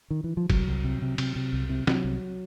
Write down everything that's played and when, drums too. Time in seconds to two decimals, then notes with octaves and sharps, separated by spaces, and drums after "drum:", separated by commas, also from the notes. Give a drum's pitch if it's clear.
0.10 D#3
0.24 E3
0.37 F3
0.50 C2 F#3, drum: kick, cymbal
0.67 C2
0.84 C3
1.02 C3
1.18 C3, drum: cymbal
1.36 C3
1.53 C2
1.69 C3
1.87 C3 F#3, drum: snare
2.04 C2